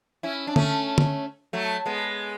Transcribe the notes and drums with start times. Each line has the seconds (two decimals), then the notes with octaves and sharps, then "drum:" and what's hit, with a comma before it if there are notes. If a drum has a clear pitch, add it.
0.23 C#4 E4
0.47 D4
0.56 A3 C#4, drum: tom
0.98 drum: tom
1.53 F#3 A3
1.86 G#3 B3